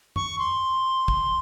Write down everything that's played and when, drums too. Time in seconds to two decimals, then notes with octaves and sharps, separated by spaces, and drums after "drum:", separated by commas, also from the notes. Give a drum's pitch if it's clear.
0.16 C#6, drum: tom
0.39 C6
1.08 drum: kick